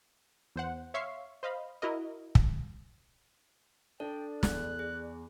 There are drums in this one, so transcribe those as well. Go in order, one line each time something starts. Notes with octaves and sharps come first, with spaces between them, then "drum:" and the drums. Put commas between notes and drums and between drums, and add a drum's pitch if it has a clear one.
E2 C5 F#5
C#5 E5 F5 C6 C#6 C7
C5 D#5 F5 B5
E4 F#4 A#4 D#5
drum: kick
D4 A4 D5 G5
E2 F#6, drum: snare
G#4